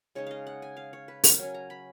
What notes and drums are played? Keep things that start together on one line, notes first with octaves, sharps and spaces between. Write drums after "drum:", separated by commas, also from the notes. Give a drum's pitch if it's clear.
C#3 G#3 D#4 C#5
D#5 F5
F#5
G#5
F5
C#5
B4
A#4, drum: open hi-hat
F#3 C#4 G#5
A#5
B5